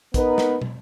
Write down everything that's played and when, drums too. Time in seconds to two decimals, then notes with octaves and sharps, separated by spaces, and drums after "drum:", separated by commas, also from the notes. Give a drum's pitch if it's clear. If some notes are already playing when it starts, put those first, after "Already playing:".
0.14 B3 D#4 A#4 B4, drum: kick, hi-hat
0.38 drum: snare
0.62 drum: tom